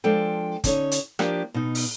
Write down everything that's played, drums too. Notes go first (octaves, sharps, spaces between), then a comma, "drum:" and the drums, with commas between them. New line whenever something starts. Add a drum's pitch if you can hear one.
F3 G#3 D4 A4 G5
D3 C#4 D#4 C#5, drum: kick, hi-hat
drum: hi-hat
F3 A#3 D4 G4, drum: rim click
B2 D#4
drum: open hi-hat